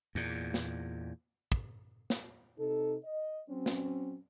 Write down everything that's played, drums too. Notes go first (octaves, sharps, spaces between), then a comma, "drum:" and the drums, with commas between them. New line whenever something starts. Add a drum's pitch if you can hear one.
E2 A#2
drum: snare
drum: kick
drum: snare
C3 D#4 A4
D#5
F#3 C4 C#4
drum: snare